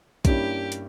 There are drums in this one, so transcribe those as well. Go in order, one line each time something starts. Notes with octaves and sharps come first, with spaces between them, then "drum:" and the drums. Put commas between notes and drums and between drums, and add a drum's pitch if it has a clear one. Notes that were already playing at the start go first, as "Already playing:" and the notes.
G2 G3 A#3 C#4 E4 G4, drum: kick, hi-hat
drum: hi-hat